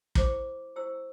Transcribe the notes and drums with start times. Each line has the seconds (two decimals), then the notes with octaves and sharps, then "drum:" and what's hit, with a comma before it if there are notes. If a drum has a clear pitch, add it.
0.15 E4 G4 C5 D6, drum: kick
0.76 E4 G4 C5 E6